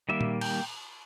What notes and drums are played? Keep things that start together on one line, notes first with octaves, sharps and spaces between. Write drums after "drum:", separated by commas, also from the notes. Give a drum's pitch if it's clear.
D#3 G3 A#3 E5
drum: tom A#2
G5, drum: cymbal